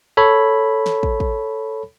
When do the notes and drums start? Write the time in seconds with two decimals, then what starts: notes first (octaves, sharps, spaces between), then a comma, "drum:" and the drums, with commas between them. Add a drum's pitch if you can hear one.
0.17 A4 C#5 B5
0.86 drum: snare
1.03 drum: kick
1.20 drum: kick